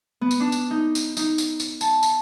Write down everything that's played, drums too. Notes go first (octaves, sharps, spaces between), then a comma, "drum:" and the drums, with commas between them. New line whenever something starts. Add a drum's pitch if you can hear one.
B3
drum: tambourine
D4
drum: tambourine
D#4
drum: tambourine
D#4, drum: tambourine
drum: tambourine
drum: tambourine
A5, drum: tambourine
drum: tambourine